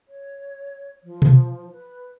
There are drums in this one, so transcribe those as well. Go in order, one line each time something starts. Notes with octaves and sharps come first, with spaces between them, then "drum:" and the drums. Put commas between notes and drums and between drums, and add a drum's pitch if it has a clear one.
C#5
F3
drum: tom B2
B4